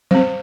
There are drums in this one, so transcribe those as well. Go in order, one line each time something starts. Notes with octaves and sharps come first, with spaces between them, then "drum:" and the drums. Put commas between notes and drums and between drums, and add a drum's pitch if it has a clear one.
G3 C4 C5, drum: tom F#3